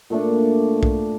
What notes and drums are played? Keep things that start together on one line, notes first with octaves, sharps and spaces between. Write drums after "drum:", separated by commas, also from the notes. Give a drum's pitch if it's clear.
A#2 A3 D4
drum: kick B1